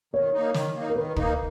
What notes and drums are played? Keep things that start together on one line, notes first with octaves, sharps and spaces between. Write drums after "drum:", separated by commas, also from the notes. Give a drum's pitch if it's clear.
D#3 C#5
A#3 D#4
D#3, drum: snare
A#3 D#4
A#4
D#3 B4
A#3 D#4, drum: kick